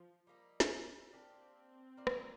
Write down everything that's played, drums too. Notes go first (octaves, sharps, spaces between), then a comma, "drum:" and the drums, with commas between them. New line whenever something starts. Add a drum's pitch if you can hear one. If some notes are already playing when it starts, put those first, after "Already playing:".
Already playing: F3
G3 A#3 D#4
drum: snare
A#3 C4 D4 G4
A#3 F4 A#4 D5
drum: rim click